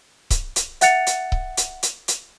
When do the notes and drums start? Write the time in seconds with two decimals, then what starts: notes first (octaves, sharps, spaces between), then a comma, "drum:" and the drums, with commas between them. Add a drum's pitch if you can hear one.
0.30 drum: kick C#1, hi-hat
0.56 drum: hi-hat
0.81 E5 F#5 F#6 A6 C#7 F7, drum: hi-hat
1.07 drum: hi-hat
1.32 drum: kick C#1
1.57 drum: hi-hat
1.83 drum: hi-hat
2.08 drum: hi-hat